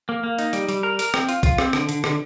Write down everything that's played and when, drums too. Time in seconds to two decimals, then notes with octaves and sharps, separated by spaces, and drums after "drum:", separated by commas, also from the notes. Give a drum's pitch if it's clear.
0.09 A#3
0.24 A#3
0.39 D#4, drum: hi-hat
0.53 G3, drum: hi-hat
0.68 G3, drum: hi-hat
0.83 A#4
0.99 A#4, drum: open hi-hat
1.14 C4, drum: rim click
1.29 F4, drum: hi-hat
1.43 F4, drum: kick A#1, hi-hat
1.58 C4, drum: rim click
1.73 D3, drum: rim click
1.89 D3, drum: hi-hat
2.04 D3, drum: rim click